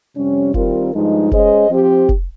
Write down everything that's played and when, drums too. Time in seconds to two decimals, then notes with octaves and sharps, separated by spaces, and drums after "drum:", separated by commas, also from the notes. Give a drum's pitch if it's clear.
0.16 F2 C3 G3 C#4
0.54 D#3 G3 C4 F4 A#4, drum: kick F1
0.92 G2 F3 G#3 D#4
1.31 G#3 C#4 G#4 C5 D#5, drum: kick F1
1.70 F3 C4 G4
2.09 drum: kick F1